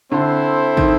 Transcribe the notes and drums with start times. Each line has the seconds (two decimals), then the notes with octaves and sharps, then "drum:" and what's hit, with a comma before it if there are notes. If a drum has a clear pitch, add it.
0.12 D3 C4 E4 A4 C5
0.77 D#3, drum: kick